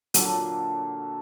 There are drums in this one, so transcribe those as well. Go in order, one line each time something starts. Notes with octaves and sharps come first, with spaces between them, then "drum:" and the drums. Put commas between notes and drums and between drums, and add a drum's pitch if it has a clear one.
A#2 D3 F#3 A4, drum: hi-hat